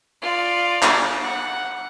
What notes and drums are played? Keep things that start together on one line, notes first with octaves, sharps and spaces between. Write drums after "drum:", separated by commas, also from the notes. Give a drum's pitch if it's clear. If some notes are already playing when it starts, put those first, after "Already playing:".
F4 D5
drum: clap
F#5